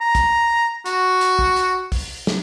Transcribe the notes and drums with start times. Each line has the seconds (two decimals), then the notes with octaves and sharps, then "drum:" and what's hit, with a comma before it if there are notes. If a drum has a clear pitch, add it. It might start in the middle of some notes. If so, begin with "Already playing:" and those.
0.01 A#5
0.15 drum: kick, hi-hat
0.86 F#4, drum: hi-hat
1.21 drum: hi-hat
1.39 drum: kick
1.56 drum: hi-hat
1.92 drum: kick, open hi-hat
2.27 drum: snare